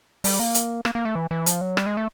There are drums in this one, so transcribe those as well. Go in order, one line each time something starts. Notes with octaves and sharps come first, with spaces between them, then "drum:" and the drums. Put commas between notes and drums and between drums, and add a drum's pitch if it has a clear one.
G3, drum: open hi-hat
A#3
drum: hi-hat
A#3, drum: rim click
A#3
A3
E3
E3
F3, drum: hi-hat
F#3
G3, drum: rim click
G#3
A3